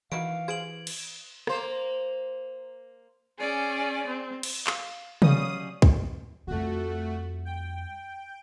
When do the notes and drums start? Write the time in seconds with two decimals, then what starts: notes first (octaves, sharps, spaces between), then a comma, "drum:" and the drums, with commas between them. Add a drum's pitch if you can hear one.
0.12 D#3 E3 E4 F#4 F5 D7
0.48 G#4 C5 G#6 D7 F#7
0.87 drum: cymbal
1.47 A#3 C5, drum: rim click
3.37 C#4 G#4 D5
4.07 C4
4.43 drum: cymbal
4.67 F5, drum: clap
5.22 F#3 G3 C#4 D5 D#5 F5 F#5 D#6, drum: tom C3
5.82 drum: kick
6.47 F2 G3 A3 F#4
7.45 G5